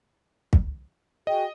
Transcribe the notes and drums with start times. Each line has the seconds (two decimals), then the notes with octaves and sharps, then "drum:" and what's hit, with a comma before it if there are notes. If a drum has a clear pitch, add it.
0.53 drum: kick
1.27 F#4 G#4 D#5 G5